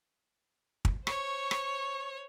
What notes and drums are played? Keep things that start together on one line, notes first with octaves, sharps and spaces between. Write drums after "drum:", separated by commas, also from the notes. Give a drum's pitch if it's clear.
drum: kick
C5 C#5 C#6, drum: rim click
drum: rim click